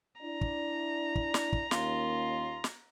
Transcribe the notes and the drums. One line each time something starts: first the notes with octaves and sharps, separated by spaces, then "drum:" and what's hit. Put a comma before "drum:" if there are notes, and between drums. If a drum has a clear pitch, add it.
D4 E4 D5 A#5
drum: kick
drum: kick
drum: snare
drum: kick
D#2 A#3 C#4 F4, drum: snare
drum: snare